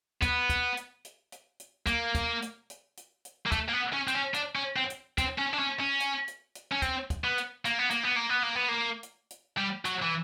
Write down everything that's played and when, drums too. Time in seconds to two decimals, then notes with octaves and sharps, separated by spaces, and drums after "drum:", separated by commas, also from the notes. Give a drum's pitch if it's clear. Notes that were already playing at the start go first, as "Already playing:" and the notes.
0.22 B3, drum: kick, hi-hat
0.50 drum: kick, hi-hat
0.77 drum: hi-hat
1.05 drum: hi-hat
1.32 drum: hi-hat
1.60 drum: hi-hat
1.87 A#3, drum: kick, hi-hat
2.15 drum: kick, hi-hat
2.42 drum: hi-hat
2.70 drum: hi-hat
2.97 drum: hi-hat
3.25 drum: hi-hat
3.46 A#3
3.52 A3, drum: kick, hi-hat
3.69 A#3
3.73 B3
3.93 C#4
4.08 C4, drum: hi-hat
4.15 C#4
4.34 D4, drum: hi-hat
4.56 C#4
4.76 C4
4.90 drum: hi-hat
5.18 C4, drum: kick, hi-hat
5.38 C#4
5.53 D4
5.59 C#4
5.80 C#4
6.00 drum: hi-hat
6.28 drum: hi-hat
6.55 drum: hi-hat
6.72 C#4
6.82 C4, drum: kick, hi-hat
7.10 drum: kick, hi-hat
7.24 B3
7.38 drum: hi-hat
7.65 A#3, drum: hi-hat
7.79 B3
7.91 A#3, drum: hi-hat
8.04 B3
8.16 A#3
8.30 B3
8.43 A#3
8.55 B3
8.69 A#3
9.03 drum: hi-hat
9.30 drum: hi-hat
9.58 G3
9.85 F#3, drum: hi-hat
10.02 E3